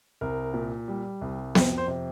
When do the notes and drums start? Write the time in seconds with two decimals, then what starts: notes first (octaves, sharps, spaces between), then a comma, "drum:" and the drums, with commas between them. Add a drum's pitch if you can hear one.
0.21 C2 A#4
0.54 A#2
0.88 G3
1.21 C2
1.55 F2 C5, drum: snare B3
1.78 C5
1.88 C3